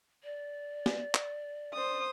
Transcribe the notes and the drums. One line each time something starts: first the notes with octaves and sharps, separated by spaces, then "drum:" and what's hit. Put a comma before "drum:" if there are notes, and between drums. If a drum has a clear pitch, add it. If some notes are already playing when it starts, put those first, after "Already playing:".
D5
drum: snare
drum: clap
C5 D#6